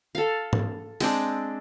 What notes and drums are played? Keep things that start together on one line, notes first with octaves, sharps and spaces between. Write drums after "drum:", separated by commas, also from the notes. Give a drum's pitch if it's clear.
A4 F5
drum: tom G#2
G#3 C4 D4, drum: open hi-hat